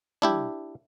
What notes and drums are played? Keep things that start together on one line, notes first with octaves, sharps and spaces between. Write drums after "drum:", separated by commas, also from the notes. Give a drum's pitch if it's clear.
D4 E4 G4, drum: tom